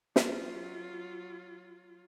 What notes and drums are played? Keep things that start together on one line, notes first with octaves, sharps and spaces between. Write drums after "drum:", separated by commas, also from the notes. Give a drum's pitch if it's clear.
F#3 F4, drum: snare